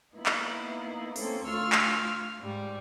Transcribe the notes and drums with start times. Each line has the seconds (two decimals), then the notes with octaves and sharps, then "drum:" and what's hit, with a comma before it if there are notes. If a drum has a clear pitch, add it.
0.14 A#3 B3 D#4 E4
0.26 drum: clap
1.16 A#3 C4 C#4 A4, drum: open hi-hat
1.45 D2 F4 C#6 E6 F6
1.72 drum: clap
2.39 G#2 G3